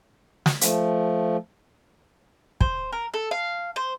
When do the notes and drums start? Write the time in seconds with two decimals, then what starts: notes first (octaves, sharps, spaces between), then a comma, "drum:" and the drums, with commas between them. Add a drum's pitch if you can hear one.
0.46 drum: snare
0.61 F3 A3, drum: hi-hat
2.61 C5, drum: kick
2.92 A#4
3.14 A4
3.31 F5
3.76 C5